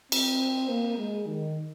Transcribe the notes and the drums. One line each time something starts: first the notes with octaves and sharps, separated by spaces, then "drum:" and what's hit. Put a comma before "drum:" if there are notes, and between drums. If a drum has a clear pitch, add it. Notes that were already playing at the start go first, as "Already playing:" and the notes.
C4, drum: cymbal
A#3
G#3
D#3